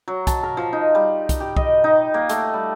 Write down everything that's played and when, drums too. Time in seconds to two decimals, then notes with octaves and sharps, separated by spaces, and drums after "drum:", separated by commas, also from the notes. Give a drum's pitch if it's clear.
0.08 F#3
0.27 A5, drum: kick, hi-hat
0.43 A#4
0.57 F3
0.73 D#4
0.95 G3
1.29 drum: kick, hi-hat
1.40 G4
1.57 D#5, drum: kick
1.84 D#4
2.14 A#3
2.29 A3, drum: hi-hat
2.54 G3